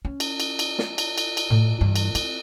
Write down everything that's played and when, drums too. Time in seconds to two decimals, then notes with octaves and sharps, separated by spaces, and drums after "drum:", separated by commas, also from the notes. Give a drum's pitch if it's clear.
0.05 C#4
0.20 drum: cymbal
0.40 drum: cymbal
0.59 drum: cymbal
0.79 drum: snare
0.98 drum: cymbal
1.18 drum: cymbal
1.37 drum: cymbal
1.50 A2
1.81 G2 E3
1.96 drum: cymbal
2.15 C4, drum: cymbal